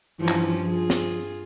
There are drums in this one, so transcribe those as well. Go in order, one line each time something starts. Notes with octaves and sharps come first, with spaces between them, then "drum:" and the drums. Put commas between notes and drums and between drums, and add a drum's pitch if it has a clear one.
G2 E3 F3 C#4
drum: clap
F3 F4 G#4
drum: snare